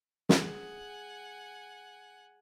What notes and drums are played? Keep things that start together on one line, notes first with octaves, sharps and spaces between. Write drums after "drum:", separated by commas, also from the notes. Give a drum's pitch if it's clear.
G#4 F#5 G#5, drum: snare